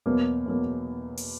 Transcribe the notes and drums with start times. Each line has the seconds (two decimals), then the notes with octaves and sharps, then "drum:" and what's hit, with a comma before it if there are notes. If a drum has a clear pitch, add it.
0.06 E2 B2 F#3 A#3
0.46 E2 B2 F#3 A#3
1.17 drum: open hi-hat